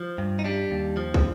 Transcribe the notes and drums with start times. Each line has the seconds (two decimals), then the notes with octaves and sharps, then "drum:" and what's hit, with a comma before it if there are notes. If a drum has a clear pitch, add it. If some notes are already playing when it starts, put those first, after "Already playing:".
Already playing: F3
0.18 G2
0.39 D#4
0.44 G3 D4
0.71 D#2
0.97 F3
1.14 drum: kick